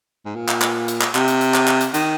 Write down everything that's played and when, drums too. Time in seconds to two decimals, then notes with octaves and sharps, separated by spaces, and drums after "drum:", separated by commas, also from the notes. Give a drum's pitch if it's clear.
0.26 G#2
0.36 A#2
0.48 drum: clap
0.62 drum: clap
0.88 drum: hi-hat
1.01 drum: clap
1.15 C3, drum: clap
1.28 drum: hi-hat
1.41 drum: hi-hat
1.54 drum: clap
1.68 drum: clap
1.81 drum: hi-hat
1.94 D#3, drum: hi-hat